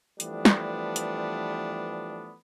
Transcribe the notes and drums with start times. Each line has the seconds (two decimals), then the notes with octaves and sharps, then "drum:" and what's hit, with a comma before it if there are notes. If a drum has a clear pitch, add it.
0.20 E3 F3 G3 A3 B3 D4, drum: hi-hat
0.45 drum: snare
0.96 drum: hi-hat